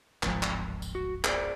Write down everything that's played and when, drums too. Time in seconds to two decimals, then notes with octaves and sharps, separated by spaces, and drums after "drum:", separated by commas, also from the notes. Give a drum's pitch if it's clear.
0.23 D1 G#1 F3, drum: clap
0.43 drum: clap
0.82 drum: tambourine
0.95 F#4
1.24 G#4 C5 D5, drum: clap